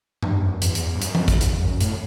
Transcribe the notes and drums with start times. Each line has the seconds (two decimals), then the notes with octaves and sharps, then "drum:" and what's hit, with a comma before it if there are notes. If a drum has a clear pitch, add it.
0.23 G2, drum: tom G#2
0.42 F#2
0.62 E2, drum: hi-hat
0.75 drum: hi-hat
0.96 G2
1.02 F#2, drum: hi-hat
1.15 drum: tom E3
1.28 drum: kick, hi-hat
1.41 E2, drum: hi-hat
1.61 F#2
1.81 A2, drum: hi-hat